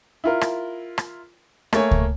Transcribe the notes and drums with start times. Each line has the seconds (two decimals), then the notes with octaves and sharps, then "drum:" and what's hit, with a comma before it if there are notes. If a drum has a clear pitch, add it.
0.24 E4 F4 A#4
0.41 drum: rim click
0.98 drum: rim click
1.73 A3 A#3 C#5 G#5, drum: rim click
1.91 drum: kick C#2